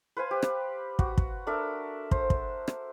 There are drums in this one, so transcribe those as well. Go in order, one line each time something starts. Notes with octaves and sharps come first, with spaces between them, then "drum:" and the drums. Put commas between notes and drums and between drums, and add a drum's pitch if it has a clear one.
B4 C5 F5 G#5
G4
drum: rim click
F#4, drum: kick
drum: kick
D4 A4 A#4 E5
C5, drum: kick
drum: kick
drum: rim click